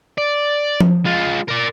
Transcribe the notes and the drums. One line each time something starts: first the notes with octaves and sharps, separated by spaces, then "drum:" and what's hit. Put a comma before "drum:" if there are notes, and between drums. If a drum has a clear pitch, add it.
D5
drum: tom F3
G#3 F4
A#4 D5